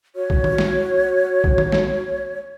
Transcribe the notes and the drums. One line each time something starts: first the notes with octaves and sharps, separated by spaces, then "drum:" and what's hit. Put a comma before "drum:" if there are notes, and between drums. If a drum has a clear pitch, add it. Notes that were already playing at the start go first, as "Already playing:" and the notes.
F#4 C#5
drum: kick
drum: tom D#3
drum: snare
drum: kick
drum: tom D#3
drum: snare